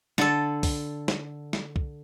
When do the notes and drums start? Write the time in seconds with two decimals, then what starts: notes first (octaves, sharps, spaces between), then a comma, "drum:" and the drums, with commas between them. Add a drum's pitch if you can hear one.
0.18 D3 A4, drum: snare
0.63 drum: kick, open hi-hat
1.08 drum: snare
1.53 drum: snare
1.76 drum: kick